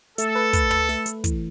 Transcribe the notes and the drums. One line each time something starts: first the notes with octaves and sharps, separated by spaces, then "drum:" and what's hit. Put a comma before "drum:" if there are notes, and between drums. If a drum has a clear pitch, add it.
A3 A4, drum: hi-hat
B4
B4, drum: kick, hi-hat
B4, drum: tom
A3, drum: open hi-hat
A3, drum: hi-hat
E3, drum: kick, hi-hat